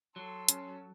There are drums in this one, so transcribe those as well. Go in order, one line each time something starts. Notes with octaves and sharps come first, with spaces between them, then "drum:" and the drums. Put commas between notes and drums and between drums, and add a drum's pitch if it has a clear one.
F#3 A4 C6
C#4, drum: hi-hat